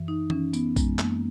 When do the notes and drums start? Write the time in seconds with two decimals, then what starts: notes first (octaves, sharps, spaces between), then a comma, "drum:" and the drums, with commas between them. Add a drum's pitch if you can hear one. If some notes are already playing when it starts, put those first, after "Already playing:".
Already playing: F#2 E3
0.08 D#4
0.30 E3 C#4, drum: tom
0.53 B3, drum: tambourine
0.76 F#2 G#3, drum: kick A#1, tambourine
0.99 A#3, drum: clap